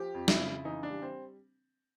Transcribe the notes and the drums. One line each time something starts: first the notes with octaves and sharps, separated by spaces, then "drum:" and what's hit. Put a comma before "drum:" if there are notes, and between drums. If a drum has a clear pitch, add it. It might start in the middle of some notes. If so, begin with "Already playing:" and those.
Already playing: F3 G4
F2
E4, drum: snare
C#3
E3 D#4
D4
G3
C4